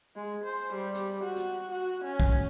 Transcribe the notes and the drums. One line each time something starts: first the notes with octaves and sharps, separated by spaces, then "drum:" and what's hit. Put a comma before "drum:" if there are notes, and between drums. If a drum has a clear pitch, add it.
G#3
C5
G3
drum: hi-hat
F#4
drum: hi-hat
F#4
C#4
drum: kick